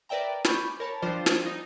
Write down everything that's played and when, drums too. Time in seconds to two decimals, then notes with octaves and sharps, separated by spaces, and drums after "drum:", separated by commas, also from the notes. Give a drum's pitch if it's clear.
0.09 A#4 B4 D5 E5 G5 A#5
0.45 G#5 B5 C#6 D6 G6, drum: snare
0.80 A#4 C#5 A5 B5
1.02 F3 G3 D4 F4 C5 D5
1.26 drum: snare
1.46 D#4